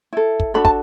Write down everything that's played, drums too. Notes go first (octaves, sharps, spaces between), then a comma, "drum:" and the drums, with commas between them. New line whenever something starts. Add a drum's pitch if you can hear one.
E4 A4
drum: kick
D4 F#4 A4 B5
A5, drum: kick